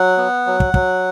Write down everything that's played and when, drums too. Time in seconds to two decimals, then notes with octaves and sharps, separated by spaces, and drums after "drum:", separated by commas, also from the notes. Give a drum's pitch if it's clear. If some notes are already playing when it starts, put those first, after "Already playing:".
Already playing: F#3 F#5
0.17 B3
0.46 F#3
0.60 drum: kick
0.74 F#3, drum: kick